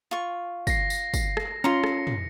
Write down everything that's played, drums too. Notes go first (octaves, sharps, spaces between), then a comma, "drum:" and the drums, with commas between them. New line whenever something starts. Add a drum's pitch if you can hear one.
F4 C#6
A#6 C7, drum: kick, tambourine
drum: tambourine
drum: kick, tambourine
drum: rim click
C#4 F4 A#5 C6 C#7
drum: rim click
drum: tom